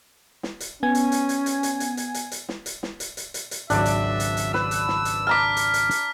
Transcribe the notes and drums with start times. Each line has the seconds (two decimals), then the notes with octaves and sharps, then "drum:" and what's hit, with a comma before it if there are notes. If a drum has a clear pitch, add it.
0.43 drum: snare
0.60 drum: hi-hat
0.83 B3 C#4 G#5 G#6
0.95 drum: hi-hat
1.12 drum: hi-hat
1.29 drum: hi-hat
1.46 drum: hi-hat
1.63 drum: hi-hat
1.80 drum: hi-hat
1.97 drum: hi-hat
2.14 drum: hi-hat
2.32 drum: hi-hat
2.49 drum: snare
2.66 drum: hi-hat
2.83 drum: snare
3.00 drum: hi-hat
3.17 drum: hi-hat
3.34 drum: hi-hat
3.51 drum: hi-hat
3.70 G#1 C#2 F#3 D4 D5 E5, drum: hi-hat
3.85 drum: hi-hat
4.20 drum: hi-hat
4.37 drum: hi-hat
4.54 B4 E6, drum: snare
4.71 drum: hi-hat
4.88 drum: snare
5.05 drum: hi-hat
5.27 A5 A#5 D6 F6 B6
5.57 drum: hi-hat
5.74 drum: hi-hat
5.91 drum: hi-hat